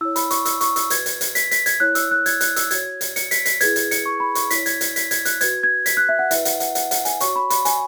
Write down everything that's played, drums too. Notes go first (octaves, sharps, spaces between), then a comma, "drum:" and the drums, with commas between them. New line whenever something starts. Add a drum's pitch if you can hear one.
E4 C#5 E6
B5, drum: hi-hat
C#6, drum: hi-hat
E6, drum: hi-hat
C#6, drum: hi-hat
E6, drum: hi-hat
F#4 B4 G#6, drum: hi-hat
drum: hi-hat
drum: hi-hat
B6, drum: hi-hat
B6, drum: hi-hat
G#6, drum: hi-hat
E4 C#5 F#6
E6, drum: hi-hat
F#6
G#6, drum: hi-hat
F#6, drum: hi-hat
E6, drum: hi-hat
F#4 C#5 G#6, drum: hi-hat
drum: hi-hat
C#7, drum: hi-hat
B6, drum: hi-hat
B6, drum: hi-hat
E4 G#4 B4 G#6, drum: hi-hat
drum: hi-hat
C#7, drum: hi-hat
C#6
B5
C#6, drum: hi-hat
E4 C#5 B6, drum: hi-hat
G#6, drum: hi-hat
drum: hi-hat
B6, drum: hi-hat
G#6, drum: hi-hat
F#6, drum: hi-hat
F#4 B4 G#6, drum: hi-hat
G#6
B6, drum: hi-hat
F#6
E5
F#5
E4 B4 E5, drum: hi-hat
F#5, drum: hi-hat
F#5, drum: hi-hat
F#5, drum: hi-hat
F#5, drum: hi-hat
G#5, drum: hi-hat
F#4 C#5 C#6, drum: hi-hat
B5
B5, drum: hi-hat
G#5, drum: hi-hat